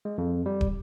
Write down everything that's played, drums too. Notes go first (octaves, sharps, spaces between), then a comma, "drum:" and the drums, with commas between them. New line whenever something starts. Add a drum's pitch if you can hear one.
G#3
F2
G3
drum: kick